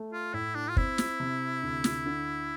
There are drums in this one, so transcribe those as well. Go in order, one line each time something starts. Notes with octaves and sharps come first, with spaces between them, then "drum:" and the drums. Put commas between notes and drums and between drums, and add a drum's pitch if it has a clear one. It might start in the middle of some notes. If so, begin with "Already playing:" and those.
Already playing: A3
F4
A2 E4
D4
F4
C4 E4, drum: kick
drum: snare
C3
D2
drum: snare
D3